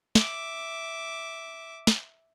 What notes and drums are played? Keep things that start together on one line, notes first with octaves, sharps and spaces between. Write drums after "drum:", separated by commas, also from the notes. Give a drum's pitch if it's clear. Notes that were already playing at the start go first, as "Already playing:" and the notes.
E5 D6, drum: snare
drum: snare